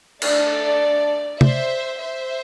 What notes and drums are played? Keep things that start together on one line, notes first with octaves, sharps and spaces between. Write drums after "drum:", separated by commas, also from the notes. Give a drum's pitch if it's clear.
A3 D4 A4 D5, drum: cymbal
C5 E5, drum: tom C3
C5 E5